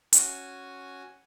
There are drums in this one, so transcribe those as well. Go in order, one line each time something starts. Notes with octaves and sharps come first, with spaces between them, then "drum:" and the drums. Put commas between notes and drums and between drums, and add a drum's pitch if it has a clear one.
C#4 F#4 G#5, drum: hi-hat